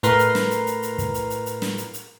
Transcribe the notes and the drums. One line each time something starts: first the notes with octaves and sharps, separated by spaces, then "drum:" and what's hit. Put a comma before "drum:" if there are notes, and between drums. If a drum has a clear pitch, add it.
A2 A#4 B4 A#5 C6, drum: hi-hat
drum: hi-hat
drum: snare
drum: hi-hat
drum: hi-hat
drum: hi-hat
drum: kick, hi-hat
drum: hi-hat
drum: hi-hat
drum: hi-hat
drum: snare
drum: hi-hat
drum: hi-hat